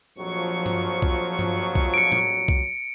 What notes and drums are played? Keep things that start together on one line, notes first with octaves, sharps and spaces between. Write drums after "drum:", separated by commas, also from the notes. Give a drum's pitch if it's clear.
A#1 F2 F3 F#3 C#6
drum: tom G2
drum: kick B1
drum: tom G2
drum: kick B1
C#7 D7
drum: tom A2
drum: kick B1